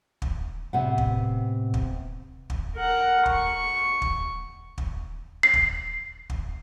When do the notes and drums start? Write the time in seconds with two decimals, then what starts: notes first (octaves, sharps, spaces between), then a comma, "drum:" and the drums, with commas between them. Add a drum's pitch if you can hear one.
0.22 drum: kick
0.73 A2 C3 B3 F#5
0.98 drum: kick
1.74 drum: kick
2.50 drum: kick
2.76 A#4 F#5
3.26 C#6, drum: kick
4.02 drum: kick
4.78 drum: kick
5.43 C7
5.54 drum: kick
6.30 drum: kick